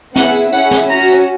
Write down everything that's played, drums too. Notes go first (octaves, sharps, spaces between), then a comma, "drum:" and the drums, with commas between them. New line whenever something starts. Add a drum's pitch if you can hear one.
B3 E4 G#4 F#5, drum: snare
drum: tambourine
C#4 E4 G#4 F#5, drum: tambourine
drum: snare
C#4 F#4 A#5
drum: tambourine